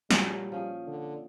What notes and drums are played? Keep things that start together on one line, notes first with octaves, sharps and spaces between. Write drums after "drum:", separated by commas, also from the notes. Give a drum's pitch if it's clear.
A#2 F#3 G3, drum: snare
F3 C#4 G#4
D3